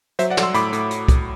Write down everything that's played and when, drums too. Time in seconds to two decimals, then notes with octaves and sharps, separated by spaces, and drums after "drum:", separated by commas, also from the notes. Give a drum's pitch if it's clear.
0.19 F#3 C5 E5, drum: hi-hat
0.30 D5 F#5
0.37 F#3, drum: snare
0.43 C6 E6
0.54 A2 B5 D6, drum: hi-hat
0.73 A2, drum: hi-hat
0.91 drum: hi-hat
1.08 drum: kick C2, hi-hat